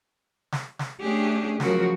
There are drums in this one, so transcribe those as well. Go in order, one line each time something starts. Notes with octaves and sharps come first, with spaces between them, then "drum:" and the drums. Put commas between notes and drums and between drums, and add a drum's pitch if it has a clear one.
drum: snare
drum: snare
A3 C#4 D4 G4 G#4
C#3 F3 F#3 F#4 A#4, drum: snare